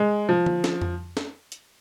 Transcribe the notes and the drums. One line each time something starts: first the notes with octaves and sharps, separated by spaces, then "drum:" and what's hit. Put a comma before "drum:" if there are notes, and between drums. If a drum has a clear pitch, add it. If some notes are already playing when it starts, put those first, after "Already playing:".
Already playing: G#3
F3
drum: tom
drum: snare
drum: tom F2
drum: snare
drum: hi-hat